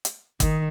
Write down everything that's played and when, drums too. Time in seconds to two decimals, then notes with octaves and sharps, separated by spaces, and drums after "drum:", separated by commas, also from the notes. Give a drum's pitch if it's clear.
0.05 drum: hi-hat
0.40 D#3, drum: kick, hi-hat